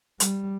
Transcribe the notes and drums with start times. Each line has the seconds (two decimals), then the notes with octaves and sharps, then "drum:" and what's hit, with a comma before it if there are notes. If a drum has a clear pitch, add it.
0.20 G3, drum: hi-hat